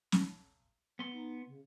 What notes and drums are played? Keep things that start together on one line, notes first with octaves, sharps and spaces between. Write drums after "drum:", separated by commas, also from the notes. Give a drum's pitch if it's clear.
drum: snare
B3 C6
D#4
C#3